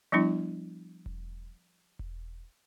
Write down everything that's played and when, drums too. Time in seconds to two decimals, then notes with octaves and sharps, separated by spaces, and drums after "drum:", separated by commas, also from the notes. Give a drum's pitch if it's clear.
0.12 F3 G3 B3 D4 E4
1.06 drum: kick E1
1.99 drum: kick E1